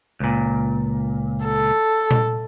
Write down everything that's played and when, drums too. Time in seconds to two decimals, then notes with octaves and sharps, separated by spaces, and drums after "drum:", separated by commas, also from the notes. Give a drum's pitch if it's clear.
0.20 C#2 A#2
1.45 A4
2.11 drum: tom A#2